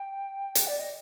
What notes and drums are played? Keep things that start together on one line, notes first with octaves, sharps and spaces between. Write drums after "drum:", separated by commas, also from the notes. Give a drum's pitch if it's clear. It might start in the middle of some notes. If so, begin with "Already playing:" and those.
Already playing: G5
drum: hi-hat
D5
D#5